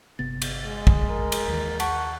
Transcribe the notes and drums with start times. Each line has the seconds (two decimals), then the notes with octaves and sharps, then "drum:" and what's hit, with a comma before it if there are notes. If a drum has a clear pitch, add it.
0.19 G1 C3 B3 A6
0.42 drum: cymbal
0.65 G#3
0.87 drum: kick
1.09 A#4
1.32 drum: cymbal
1.48 D#2 D#3 E3
1.80 F#5 A5 C#6, drum: cymbal